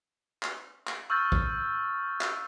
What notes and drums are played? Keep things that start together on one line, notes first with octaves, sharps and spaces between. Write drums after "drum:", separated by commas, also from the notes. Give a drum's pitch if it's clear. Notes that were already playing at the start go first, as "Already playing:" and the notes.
drum: clap
drum: clap
C#6 E6 F6 G6 A6
drum: kick A#1
drum: clap